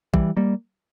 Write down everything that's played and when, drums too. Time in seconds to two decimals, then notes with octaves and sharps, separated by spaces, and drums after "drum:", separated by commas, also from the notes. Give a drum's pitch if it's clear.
0.14 E3 G3, drum: kick A#1
0.37 G3 A#3